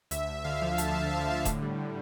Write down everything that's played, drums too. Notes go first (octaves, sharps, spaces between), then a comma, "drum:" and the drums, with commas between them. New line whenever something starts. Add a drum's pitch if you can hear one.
D2 E5, drum: hi-hat
D2
D3 F5
F3
D2 A5, drum: hi-hat
D2
D3
D3
A2, drum: kick D#1, hi-hat
G3
A2